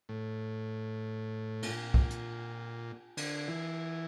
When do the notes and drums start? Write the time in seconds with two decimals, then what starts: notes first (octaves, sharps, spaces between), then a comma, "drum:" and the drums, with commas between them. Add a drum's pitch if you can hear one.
0.09 A2
1.62 A#2, drum: cymbal
1.94 drum: kick
2.10 drum: hi-hat
3.17 D3, drum: cymbal
3.48 E3